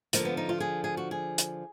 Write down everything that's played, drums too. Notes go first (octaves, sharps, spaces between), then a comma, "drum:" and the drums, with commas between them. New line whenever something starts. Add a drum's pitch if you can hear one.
D3 F3 A#3, drum: hi-hat
B3
D#4
F4
G#4
G#4
F#4
G#4
drum: hi-hat